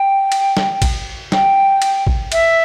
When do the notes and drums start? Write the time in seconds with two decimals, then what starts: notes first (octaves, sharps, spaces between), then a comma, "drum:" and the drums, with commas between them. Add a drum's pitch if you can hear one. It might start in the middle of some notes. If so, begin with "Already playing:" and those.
Already playing: G5
0.32 drum: cymbal
0.57 drum: snare
0.82 drum: kick, cymbal
1.32 G5, drum: snare
1.82 drum: cymbal
2.07 drum: kick
2.32 E5, drum: cymbal